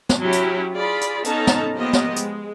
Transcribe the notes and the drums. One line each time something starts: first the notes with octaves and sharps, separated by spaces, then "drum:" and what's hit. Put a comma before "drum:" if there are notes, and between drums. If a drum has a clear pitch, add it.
drum: snare
F#3 C#4 E4 G4
drum: hi-hat
F4 G#4 D5 B5
drum: hi-hat
B3 C#4 D#4 A4 A5 A#5, drum: hi-hat
drum: snare
F3 A#3 B3 G4 D#5
drum: snare
G#3, drum: hi-hat